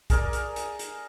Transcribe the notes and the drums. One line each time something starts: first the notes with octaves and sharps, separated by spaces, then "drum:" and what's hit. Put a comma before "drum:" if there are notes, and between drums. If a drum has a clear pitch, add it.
G#4 A#4 D5, drum: kick, hi-hat
drum: hi-hat
drum: hi-hat
drum: hi-hat